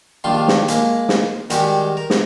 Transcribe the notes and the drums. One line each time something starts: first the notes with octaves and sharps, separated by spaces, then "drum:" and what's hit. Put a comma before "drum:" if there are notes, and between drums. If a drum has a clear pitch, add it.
A#1 D#3 G3 D4 F4 C6
drum: snare
G#3 A#3, drum: hi-hat
drum: snare
D#3 G3 G#3 F#4 G4, drum: hi-hat
A#4
drum: snare